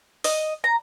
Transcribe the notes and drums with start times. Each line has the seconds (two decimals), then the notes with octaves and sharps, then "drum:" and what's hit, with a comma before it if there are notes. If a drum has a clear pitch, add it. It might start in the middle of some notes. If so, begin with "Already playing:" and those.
0.24 D#5, drum: open hi-hat
0.64 A#5